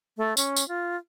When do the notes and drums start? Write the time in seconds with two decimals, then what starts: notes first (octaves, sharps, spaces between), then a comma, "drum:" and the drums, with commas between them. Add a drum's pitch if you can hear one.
0.17 A3
0.37 C#4, drum: tambourine
0.56 drum: tambourine
0.68 F4